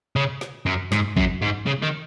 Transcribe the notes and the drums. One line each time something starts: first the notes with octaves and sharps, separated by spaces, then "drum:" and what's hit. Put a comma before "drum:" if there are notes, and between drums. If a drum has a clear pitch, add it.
C#3
drum: snare
F#2
G#2, drum: snare
F#2, drum: kick
G#2
C#3
D#3